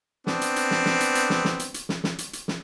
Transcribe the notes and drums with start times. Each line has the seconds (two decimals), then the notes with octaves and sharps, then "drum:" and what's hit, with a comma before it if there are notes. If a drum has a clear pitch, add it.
0.27 B3 C4 D4, drum: snare
0.41 drum: hi-hat
0.56 drum: hi-hat
0.71 drum: snare
0.86 drum: snare
1.00 drum: hi-hat
1.15 drum: hi-hat
1.30 drum: snare
1.45 drum: snare
1.59 drum: hi-hat
1.74 drum: hi-hat
1.89 drum: snare
2.04 drum: snare
2.18 drum: hi-hat
2.33 drum: hi-hat
2.48 drum: snare